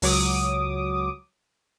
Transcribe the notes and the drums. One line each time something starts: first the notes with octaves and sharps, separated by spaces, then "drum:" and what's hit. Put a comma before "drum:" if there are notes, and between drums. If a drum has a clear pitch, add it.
C#2 F#3 D6 D#6, drum: open hi-hat